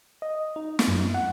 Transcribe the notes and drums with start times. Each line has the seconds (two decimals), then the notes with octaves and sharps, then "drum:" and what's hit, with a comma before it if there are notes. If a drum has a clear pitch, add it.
0.22 D#5
0.56 D#4
0.79 drum: snare
0.88 F#2
1.14 F#5